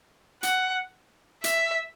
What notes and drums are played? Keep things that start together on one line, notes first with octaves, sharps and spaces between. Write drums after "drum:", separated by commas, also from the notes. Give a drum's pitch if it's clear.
F#5, drum: hi-hat
E5, drum: hi-hat